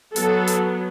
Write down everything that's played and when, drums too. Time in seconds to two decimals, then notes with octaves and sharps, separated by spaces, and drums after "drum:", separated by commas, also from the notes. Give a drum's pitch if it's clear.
0.16 F#3 B3 A4, drum: hi-hat
0.47 drum: hi-hat